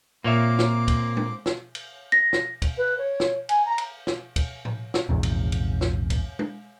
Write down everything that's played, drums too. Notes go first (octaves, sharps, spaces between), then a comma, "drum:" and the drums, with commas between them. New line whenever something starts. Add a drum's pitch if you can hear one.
A#2 A#3 C4 C#5 E5 D6
drum: snare
drum: kick, cymbal
drum: tom G#3
drum: snare
drum: cymbal
A#6
drum: snare
drum: kick, cymbal
B4
C#5
drum: snare
G#5, drum: cymbal
A#5
drum: cymbal
drum: snare
drum: kick, cymbal
drum: tom A2
drum: snare
A#1 E2 G#2 C3
drum: cymbal
drum: cymbal
drum: snare
drum: kick, cymbal
drum: tom G#3